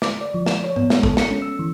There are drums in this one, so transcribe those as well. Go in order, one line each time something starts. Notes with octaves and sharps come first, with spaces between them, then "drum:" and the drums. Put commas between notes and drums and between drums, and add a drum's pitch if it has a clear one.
D6, drum: snare
D5
F3
E7, drum: snare
C#5
B3, drum: tom G#2
G#3, drum: snare
A4, drum: kick
C#7, drum: snare
C#4
E6
E3